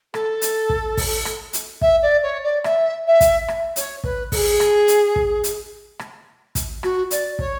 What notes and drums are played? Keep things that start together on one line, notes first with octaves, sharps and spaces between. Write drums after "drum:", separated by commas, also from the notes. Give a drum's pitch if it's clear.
A4, drum: rim click
drum: hi-hat
drum: kick
drum: kick, open hi-hat
drum: rim click
drum: hi-hat
E5, drum: kick
D5
C#5
D5
E5, drum: rim click
E5
drum: kick, hi-hat
drum: rim click
C#5, drum: hi-hat
B4, drum: kick
A4, drum: kick, open hi-hat
G#4
drum: rim click
drum: hi-hat
drum: kick
drum: hi-hat
drum: rim click
drum: kick, hi-hat
F#4, drum: rim click
D5, drum: hi-hat
C#5, drum: kick